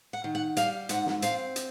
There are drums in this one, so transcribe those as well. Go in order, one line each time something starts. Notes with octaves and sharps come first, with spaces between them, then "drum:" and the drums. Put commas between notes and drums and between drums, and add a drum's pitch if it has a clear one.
F#5
D#3
F#5
G3 F5, drum: hi-hat
G#2 F#5, drum: hi-hat
drum: snare
C4 F5, drum: hi-hat
drum: hi-hat